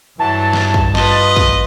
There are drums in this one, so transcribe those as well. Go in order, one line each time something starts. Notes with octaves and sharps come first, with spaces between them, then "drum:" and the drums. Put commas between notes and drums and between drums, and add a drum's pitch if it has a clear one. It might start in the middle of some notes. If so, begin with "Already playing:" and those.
G2 E3 F#3 A5
drum: snare
drum: kick
F4 B4 D#5, drum: snare
drum: kick